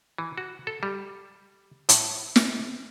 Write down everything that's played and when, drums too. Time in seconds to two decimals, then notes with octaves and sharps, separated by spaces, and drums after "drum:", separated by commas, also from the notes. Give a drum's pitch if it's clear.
0.18 E3
0.38 F#4
0.67 A4
0.83 G3
1.89 A2, drum: hi-hat
2.36 drum: snare